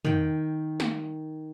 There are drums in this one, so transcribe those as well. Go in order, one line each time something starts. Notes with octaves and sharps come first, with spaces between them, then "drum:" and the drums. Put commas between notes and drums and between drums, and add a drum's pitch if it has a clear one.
D#3 G5, drum: tom
drum: snare